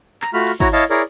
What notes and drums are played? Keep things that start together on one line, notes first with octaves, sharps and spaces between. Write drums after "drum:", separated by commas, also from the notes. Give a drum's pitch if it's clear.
A#5, drum: clap
A3 F4 F#4 B5 F6
drum: cymbal
E4 F#4 C#5 A#5, drum: kick G#1
E4 C#5 D#5 F5 A5
E4 G#4 A#4 C#5 D5